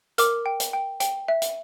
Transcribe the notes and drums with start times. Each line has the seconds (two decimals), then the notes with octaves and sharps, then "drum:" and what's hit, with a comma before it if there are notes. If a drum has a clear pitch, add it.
0.18 A#4 D6 F6, drum: hi-hat
0.46 G5
0.60 drum: hi-hat
0.73 G5
1.00 G5, drum: hi-hat
1.28 E5
1.42 drum: hi-hat